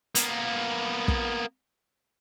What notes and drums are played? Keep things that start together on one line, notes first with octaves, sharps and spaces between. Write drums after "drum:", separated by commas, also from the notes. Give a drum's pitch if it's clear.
A#3 B3, drum: hi-hat
drum: kick